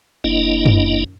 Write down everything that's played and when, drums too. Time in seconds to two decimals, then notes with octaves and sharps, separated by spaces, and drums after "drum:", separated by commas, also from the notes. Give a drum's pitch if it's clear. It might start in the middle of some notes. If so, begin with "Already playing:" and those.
0.24 F#1 A#3 D4 E4 D#5
0.66 drum: tom F#2